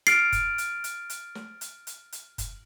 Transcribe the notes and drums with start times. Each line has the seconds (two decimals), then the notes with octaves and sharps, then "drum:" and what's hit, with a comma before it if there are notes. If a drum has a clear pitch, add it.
0.07 F6 A6 C7 D7, drum: hi-hat
0.32 drum: kick, hi-hat
0.58 drum: hi-hat
0.84 drum: hi-hat
1.10 drum: hi-hat
1.35 drum: snare
1.61 drum: hi-hat
1.87 drum: hi-hat
2.12 drum: hi-hat
2.38 drum: kick, hi-hat